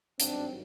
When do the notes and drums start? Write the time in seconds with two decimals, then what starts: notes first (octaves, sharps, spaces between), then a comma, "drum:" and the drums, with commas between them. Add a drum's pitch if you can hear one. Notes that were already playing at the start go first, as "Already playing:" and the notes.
0.20 G#1 G2 D#3 F#3 C4 D4, drum: hi-hat